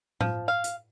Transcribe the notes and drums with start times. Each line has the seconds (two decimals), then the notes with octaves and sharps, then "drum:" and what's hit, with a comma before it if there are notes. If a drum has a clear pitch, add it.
0.21 F3, drum: tom A2
0.48 F5
0.64 drum: hi-hat